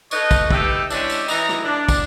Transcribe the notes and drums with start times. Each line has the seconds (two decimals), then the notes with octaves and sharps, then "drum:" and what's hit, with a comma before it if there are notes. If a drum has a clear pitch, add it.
0.11 D#4 A4 B4 C#5 D#5, drum: tambourine
0.31 drum: kick, tambourine
0.50 D#4 G4 A4 B4 E5 G5, drum: kick
0.90 E3 G#3 C#4 D4 G4 E5, drum: tambourine
1.10 drum: tambourine
1.28 E3 D#4 A#5, drum: tambourine
1.49 drum: rim click
1.64 D4
1.88 drum: kick, tambourine